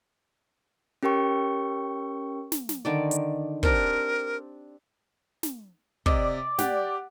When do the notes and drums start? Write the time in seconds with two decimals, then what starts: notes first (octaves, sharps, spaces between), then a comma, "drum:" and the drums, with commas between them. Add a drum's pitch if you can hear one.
1.03 C#4 G4 A#4 G5 C#6
2.52 drum: snare
2.69 drum: snare
2.85 D3 D#3 D5
3.11 drum: hi-hat
3.63 C4 D4 G4 A#4, drum: kick
5.43 drum: snare
6.06 C3 D5 D#5, drum: kick
6.59 G4 F#5, drum: snare